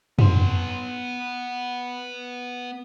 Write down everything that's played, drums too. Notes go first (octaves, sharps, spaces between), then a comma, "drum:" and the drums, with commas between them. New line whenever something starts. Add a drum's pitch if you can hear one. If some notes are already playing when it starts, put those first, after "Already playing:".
B3 C6, drum: tom